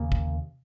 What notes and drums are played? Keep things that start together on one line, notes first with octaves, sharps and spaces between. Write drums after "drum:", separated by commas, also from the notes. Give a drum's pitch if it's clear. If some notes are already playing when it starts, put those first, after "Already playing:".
Already playing: D#2 C#3 A#3
drum: kick